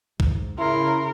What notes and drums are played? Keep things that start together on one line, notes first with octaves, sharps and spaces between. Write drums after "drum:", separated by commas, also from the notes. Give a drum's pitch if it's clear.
G#2, drum: kick B1
C#3 E4 A#4 C6